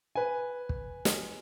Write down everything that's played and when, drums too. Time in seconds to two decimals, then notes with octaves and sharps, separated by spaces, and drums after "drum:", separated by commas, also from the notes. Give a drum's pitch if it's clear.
0.16 B4 G#5
0.69 drum: kick
1.05 drum: snare